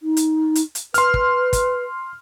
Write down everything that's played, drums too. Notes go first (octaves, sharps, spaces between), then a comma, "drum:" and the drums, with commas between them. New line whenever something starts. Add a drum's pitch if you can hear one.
D#4
drum: hi-hat
drum: hi-hat
drum: hi-hat
B4 C6 F6, drum: hi-hat
drum: kick
drum: kick, hi-hat